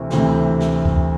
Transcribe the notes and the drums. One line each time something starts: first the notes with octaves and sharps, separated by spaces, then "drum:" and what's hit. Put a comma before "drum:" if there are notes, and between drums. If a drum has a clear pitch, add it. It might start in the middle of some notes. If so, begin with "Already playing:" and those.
Already playing: D2 C3 E3 A3 C4
D2 C3 E3 A3 C4, drum: snare
drum: snare
drum: kick C#2